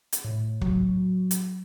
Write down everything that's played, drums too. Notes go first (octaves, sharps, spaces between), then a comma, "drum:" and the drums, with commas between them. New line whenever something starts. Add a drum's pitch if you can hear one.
drum: hi-hat
A2
F#3, drum: kick
drum: hi-hat